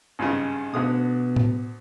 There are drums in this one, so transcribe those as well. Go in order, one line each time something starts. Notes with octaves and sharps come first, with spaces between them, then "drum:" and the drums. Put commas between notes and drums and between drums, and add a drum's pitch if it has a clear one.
G#1 G2 C#3
D2 B2 D3 D#6
drum: tom A2